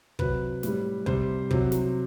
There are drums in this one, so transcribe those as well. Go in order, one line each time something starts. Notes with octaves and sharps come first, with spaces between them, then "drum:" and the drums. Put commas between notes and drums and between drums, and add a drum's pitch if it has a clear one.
C3 F#3 B4, drum: kick
A2 G3, drum: snare
C3 G3 C5, drum: kick
C3 F#3, drum: kick
drum: snare